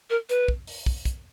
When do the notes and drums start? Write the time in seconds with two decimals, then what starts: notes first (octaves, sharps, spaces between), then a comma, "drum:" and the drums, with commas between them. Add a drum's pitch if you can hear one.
0.10 A#4
0.29 B4, drum: hi-hat
0.48 drum: kick
0.67 drum: open hi-hat
0.86 drum: kick
1.05 drum: kick, hi-hat